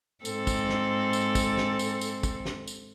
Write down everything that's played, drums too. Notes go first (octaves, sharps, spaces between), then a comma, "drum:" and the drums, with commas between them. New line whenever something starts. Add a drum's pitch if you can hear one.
G#2 C4 A4, drum: tambourine
drum: kick, tambourine
drum: snare
drum: tambourine
drum: kick, tambourine
drum: snare
drum: tambourine
drum: tambourine
drum: kick, tambourine
drum: snare
drum: tambourine